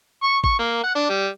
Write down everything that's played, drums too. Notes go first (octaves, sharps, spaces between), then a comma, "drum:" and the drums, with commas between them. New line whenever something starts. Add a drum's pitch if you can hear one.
C#6
C#6, drum: kick A1
A#3
F#5
D4
G3